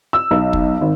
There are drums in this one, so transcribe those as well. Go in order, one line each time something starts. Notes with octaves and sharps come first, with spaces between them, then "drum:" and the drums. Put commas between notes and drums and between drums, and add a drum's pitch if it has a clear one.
E6
B1
drum: kick
G#1